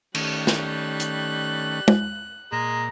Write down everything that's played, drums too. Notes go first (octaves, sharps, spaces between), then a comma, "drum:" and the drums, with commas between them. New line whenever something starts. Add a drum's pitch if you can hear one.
D#3 G3 A3 C#4 F#6, drum: cymbal
drum: snare
drum: hi-hat
drum: tom
A#2 G#3 A#5